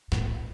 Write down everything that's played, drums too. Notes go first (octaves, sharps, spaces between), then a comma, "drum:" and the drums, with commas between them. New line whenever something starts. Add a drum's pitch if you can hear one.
A2, drum: snare